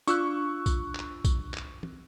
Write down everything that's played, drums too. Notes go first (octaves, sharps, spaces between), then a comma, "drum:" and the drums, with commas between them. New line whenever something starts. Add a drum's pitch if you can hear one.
D4 F4 C#6 E6 F#6, drum: tambourine
drum: kick A#1, tambourine
drum: clap
drum: kick A#1, tambourine
drum: clap
drum: tom